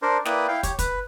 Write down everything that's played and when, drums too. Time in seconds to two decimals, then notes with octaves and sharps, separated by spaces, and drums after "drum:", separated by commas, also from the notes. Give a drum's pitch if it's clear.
0.02 D4 A#4 C5
0.25 A#3 E4 B4 D5 G5 D#6, drum: snare
0.48 E4 F5 G5
0.63 G4 C#5, drum: kick, hi-hat
0.79 B4, drum: kick, hi-hat